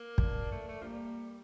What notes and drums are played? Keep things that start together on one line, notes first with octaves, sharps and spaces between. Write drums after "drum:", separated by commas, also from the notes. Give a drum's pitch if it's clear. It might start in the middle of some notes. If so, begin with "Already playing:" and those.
Already playing: A#3
D4, drum: kick
A3
A3
F3
G3 A#3